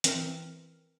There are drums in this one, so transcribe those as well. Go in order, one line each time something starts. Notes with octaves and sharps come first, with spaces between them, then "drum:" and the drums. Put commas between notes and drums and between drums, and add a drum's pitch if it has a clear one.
E3 C4 A#4 G5 F6, drum: hi-hat